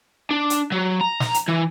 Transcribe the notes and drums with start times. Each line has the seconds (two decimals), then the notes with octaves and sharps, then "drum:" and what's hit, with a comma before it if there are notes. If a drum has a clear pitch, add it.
0.31 D4
0.50 drum: hi-hat
0.72 F#3
1.01 A#5
1.20 drum: snare
1.34 drum: hi-hat
1.48 E3